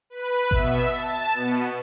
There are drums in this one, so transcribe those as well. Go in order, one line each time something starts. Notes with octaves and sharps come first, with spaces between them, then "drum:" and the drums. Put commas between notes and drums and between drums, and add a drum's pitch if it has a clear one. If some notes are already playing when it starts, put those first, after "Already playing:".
B4
B2 B3 E5, drum: kick G#1
A5
B2 B3